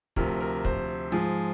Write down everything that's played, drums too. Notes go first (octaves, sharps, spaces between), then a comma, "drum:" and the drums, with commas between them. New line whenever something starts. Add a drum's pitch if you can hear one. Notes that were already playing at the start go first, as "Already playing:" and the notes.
D2 C3 F3 A#4, drum: kick
A#4
C5, drum: kick
G#2 F3 G#4